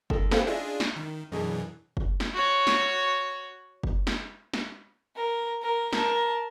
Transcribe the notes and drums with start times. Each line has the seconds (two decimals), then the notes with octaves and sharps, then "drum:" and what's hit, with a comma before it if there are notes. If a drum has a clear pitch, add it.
0.10 D#3 G#3 A4, drum: kick F#1
0.31 A#3 C4 D4 G4 A4 B4 F5 G5, drum: snare
0.47 C#4 D4 E4 F4 G#4 D#5
0.80 drum: snare
0.96 D#3
1.32 F#2 B2 E3 D4 G#4 D#5
1.97 drum: kick F#1
2.20 drum: snare
2.34 F#4 C#5
2.67 drum: snare
3.83 drum: kick F#1
4.07 drum: snare
4.53 drum: snare
5.16 A#4
5.62 A#4
5.93 A#4 A5, drum: snare